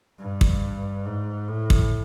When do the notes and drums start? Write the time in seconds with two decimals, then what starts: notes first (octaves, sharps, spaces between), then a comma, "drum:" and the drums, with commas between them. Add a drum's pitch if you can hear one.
0.20 G2
0.41 drum: kick
1.06 G#2
1.48 A2
1.70 drum: kick